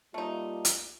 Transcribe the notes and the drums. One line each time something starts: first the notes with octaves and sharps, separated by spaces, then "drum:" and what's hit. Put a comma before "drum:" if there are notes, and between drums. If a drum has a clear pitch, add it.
G3 A3 A#3 D#4 F4
drum: hi-hat